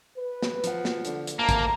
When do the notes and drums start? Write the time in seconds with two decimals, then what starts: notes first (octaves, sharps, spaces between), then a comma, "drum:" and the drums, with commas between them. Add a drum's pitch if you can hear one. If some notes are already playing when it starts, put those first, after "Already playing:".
0.17 B4
0.42 drum: snare
0.64 F3 F#5, drum: hi-hat
0.85 drum: snare
1.05 D3, drum: hi-hat
1.27 drum: hi-hat
1.39 D2 A#3 A5 A#5
1.49 drum: kick, hi-hat